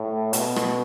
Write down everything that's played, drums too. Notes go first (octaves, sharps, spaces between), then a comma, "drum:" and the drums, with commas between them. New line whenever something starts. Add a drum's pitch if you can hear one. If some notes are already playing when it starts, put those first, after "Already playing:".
Already playing: A2
B2, drum: hi-hat
drum: rim click